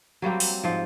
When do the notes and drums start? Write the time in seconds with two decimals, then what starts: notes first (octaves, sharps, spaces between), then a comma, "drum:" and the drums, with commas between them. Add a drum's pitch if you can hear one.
0.22 F#3 G3 A#3 C4
0.40 drum: open hi-hat
0.64 G#2 F3